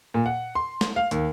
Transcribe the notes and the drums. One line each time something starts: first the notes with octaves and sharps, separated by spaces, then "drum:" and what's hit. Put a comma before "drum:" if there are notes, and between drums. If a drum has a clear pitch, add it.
A#2
F#5
C6
drum: snare
F5
D#2, drum: hi-hat